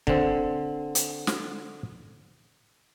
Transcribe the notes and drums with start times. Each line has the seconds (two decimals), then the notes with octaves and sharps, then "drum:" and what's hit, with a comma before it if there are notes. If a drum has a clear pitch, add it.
0.07 D3 C4, drum: kick
0.95 drum: hi-hat
1.27 drum: snare